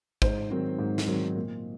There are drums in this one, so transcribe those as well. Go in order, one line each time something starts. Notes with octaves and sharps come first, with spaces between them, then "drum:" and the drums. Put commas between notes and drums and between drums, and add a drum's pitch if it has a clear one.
G#2 C5, drum: kick
D#3 F#3 C4
G#2
drum: snare
D#3 F#3 C4
A#2